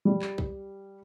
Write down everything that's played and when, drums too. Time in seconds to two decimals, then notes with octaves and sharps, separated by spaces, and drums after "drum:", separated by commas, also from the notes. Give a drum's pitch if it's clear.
0.05 G3
0.22 drum: clap
0.38 drum: kick B1